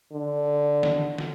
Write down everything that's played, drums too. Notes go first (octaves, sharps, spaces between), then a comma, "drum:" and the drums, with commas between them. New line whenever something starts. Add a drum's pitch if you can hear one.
D3
drum: snare
drum: snare